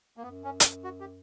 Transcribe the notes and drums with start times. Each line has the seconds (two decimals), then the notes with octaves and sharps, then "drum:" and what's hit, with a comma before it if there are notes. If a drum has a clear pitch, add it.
0.17 A#3
0.23 F#2 B3
0.44 C#4
0.60 drum: hi-hat
0.84 F#4
1.00 G4